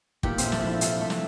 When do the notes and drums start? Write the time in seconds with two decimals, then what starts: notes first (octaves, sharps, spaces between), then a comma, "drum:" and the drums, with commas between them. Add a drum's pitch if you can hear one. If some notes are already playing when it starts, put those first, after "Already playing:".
0.23 A#2 G4, drum: kick
0.38 A3 C4, drum: hi-hat
0.52 D4, drum: snare
0.62 F3 E4
0.81 C3 F4, drum: hi-hat
1.01 A3
1.10 drum: snare